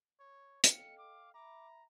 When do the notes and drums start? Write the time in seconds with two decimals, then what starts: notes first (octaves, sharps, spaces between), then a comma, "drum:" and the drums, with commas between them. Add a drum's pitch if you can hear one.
0.20 C#5
0.64 A4 D#5 F5 G5 C#7, drum: hi-hat
0.98 D6
1.34 E5 A#5 B5 D6